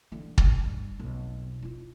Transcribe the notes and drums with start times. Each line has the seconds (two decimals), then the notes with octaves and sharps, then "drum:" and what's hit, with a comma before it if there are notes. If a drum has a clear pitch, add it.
0.12 D3 E3
0.38 drum: kick
0.64 G2
1.00 B1 F2
1.62 E4 F4